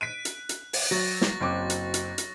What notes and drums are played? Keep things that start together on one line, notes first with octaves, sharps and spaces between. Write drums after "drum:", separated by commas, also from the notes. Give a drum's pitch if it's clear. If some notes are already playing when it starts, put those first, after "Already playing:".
F#6 B6 D7 D#7
drum: hi-hat
drum: hi-hat
drum: open hi-hat
F#3 C#6 A6 A#6
drum: snare
F#1 C4 D6
drum: hi-hat
drum: hi-hat
drum: hi-hat